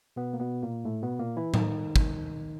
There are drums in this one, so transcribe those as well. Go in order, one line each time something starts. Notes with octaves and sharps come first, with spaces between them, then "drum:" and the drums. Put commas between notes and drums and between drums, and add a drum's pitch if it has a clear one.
B2 B3
A#3
B2 B3
A#2 A#3
A2 A3
B2 B3
A#2 A#3
E3 E4
D#3 D#4, drum: tom A2
drum: kick